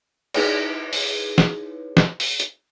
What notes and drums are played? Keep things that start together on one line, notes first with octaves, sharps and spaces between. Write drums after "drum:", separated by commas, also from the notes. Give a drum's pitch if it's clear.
D#4 E4 G#4 B4 C#5, drum: cymbal
drum: open hi-hat
drum: snare
drum: snare
drum: open hi-hat
drum: hi-hat